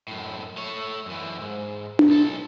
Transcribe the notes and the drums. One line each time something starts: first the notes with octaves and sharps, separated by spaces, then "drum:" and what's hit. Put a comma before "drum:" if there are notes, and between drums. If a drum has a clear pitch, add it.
F#2 A2
A3 C#5
F#2 E3
G#2
drum: tom D4
B1 A4